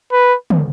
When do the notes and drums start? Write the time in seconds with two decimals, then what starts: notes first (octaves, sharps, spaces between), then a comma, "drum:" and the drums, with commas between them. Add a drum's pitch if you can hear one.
0.12 B4
0.50 drum: tom